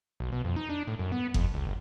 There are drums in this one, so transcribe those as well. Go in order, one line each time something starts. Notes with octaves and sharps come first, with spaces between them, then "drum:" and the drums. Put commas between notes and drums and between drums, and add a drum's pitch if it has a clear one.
B1
B2
F2
D#4
D4
A2
F#2
B3
F2, drum: kick F#1
C#2
G1